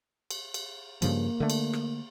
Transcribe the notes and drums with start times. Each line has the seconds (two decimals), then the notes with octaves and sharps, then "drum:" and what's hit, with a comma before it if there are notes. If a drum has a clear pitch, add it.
0.31 drum: cymbal
0.54 drum: cymbal
1.02 G2 C#3 F3 A#3, drum: cymbal
1.40 D3 A3
1.50 drum: cymbal
1.73 drum: rim click